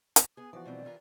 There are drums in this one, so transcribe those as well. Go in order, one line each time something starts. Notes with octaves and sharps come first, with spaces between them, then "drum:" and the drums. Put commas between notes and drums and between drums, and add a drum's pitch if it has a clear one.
drum: hi-hat
B3 G#4 D#6
E3 F3 F#4 D5
B2 G3 C4 D5
E3 F4 A#4